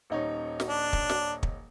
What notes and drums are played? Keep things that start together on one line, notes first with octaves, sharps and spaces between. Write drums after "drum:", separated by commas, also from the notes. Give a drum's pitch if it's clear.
D#1 D#4 C#5
drum: snare
D4
drum: kick
drum: snare
drum: kick